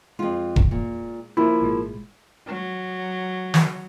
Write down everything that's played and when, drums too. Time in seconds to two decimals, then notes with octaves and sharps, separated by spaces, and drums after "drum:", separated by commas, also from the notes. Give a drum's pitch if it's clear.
0.19 F2 G#3 F4
0.56 drum: kick E1
0.71 A#2
1.37 F3 A#3 E4
1.60 G#1 A#2 G#3
2.46 F#3
3.54 drum: snare